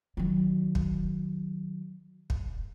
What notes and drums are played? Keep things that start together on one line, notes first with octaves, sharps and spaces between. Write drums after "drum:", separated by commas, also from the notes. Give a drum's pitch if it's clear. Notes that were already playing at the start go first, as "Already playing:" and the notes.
D#3 F#3
drum: kick
drum: kick